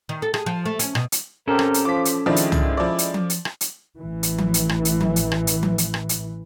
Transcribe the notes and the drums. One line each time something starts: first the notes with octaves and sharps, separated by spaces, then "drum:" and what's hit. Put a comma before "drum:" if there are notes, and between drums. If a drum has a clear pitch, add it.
D#3
A4
G#4, drum: rim click
F3
A3
C#4, drum: hi-hat
B2, drum: rim click
drum: hi-hat
C4 C#4 G4 A4 A#4
drum: rim click
drum: hi-hat
F3 D6 B6
drum: hi-hat
D#3 F3 G#3 D4 E4
drum: hi-hat
drum: tom
F3 D5
drum: hi-hat
drum: tom F3
drum: hi-hat
drum: rim click
drum: hi-hat
A1 E3
drum: hi-hat
drum: tom F3
drum: hi-hat
drum: rim click
drum: hi-hat
drum: tom F3
drum: hi-hat
drum: rim click
drum: hi-hat
drum: tom F3
drum: hi-hat
drum: rim click
drum: hi-hat